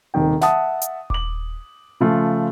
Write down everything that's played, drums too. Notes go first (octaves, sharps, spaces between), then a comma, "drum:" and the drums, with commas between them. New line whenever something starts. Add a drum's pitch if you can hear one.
D#1 C3 D#3 G5
E5 F#5 A5 D#6, drum: snare
drum: hi-hat
D6 F#7, drum: kick D#1
C#3 F3 A3 F4